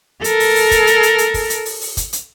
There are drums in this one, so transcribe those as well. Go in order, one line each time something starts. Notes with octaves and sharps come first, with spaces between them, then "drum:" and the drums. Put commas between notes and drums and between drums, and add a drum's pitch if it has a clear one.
A4 A#4, drum: hi-hat
drum: open hi-hat
drum: open hi-hat
drum: kick, hi-hat
drum: hi-hat
drum: hi-hat
drum: hi-hat
drum: kick, open hi-hat
drum: hi-hat
drum: open hi-hat
drum: open hi-hat
drum: kick, hi-hat
drum: hi-hat